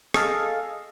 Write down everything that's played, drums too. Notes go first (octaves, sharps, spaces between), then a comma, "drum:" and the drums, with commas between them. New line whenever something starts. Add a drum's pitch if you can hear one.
G#4 A4 D#5 F5 A5, drum: rim click